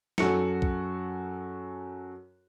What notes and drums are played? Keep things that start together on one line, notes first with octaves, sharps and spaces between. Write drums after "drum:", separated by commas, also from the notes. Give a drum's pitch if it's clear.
F#2 F#4 A4 C#7, drum: snare
drum: kick B1